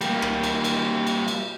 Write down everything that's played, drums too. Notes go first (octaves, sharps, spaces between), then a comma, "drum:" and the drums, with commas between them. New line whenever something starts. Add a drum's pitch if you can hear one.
G3 A#3, drum: cymbal
drum: rim click
drum: cymbal
drum: cymbal
drum: cymbal
drum: cymbal